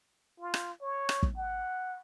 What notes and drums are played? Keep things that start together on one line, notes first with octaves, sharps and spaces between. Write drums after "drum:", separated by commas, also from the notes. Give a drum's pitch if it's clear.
F4
drum: rim click
C#5
drum: rim click
drum: kick
F#5